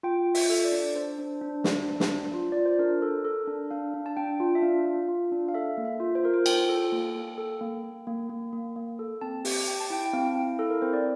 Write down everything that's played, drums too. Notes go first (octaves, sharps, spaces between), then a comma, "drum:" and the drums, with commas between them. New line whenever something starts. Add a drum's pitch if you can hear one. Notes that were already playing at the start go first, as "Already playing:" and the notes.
F4 G5
F4
E5, drum: open hi-hat
A4
D5
D4
D4 C5
D4
D4
D4, drum: snare
D4
drum: snare
D4
F4
F4 D5
C5
D4 A#4
A4
A4
D4
D4 F5
D4
A5
D4 G5
F4
E5
D4 F5
F4
F4
D4
F5
A4 E5
A#3
E5
F4
C5
F4 A#4
C5
F4 G5, drum: cymbal
A4
A#3
A#3
A4
A#3
A#3
A#3
A#3
A#3
A#3
A4
C4 A5
G4, drum: open hi-hat
G4 G5
A5
E4 G5
G5
C4 F5
E4
E4 A4
A#4
C4 C5
D5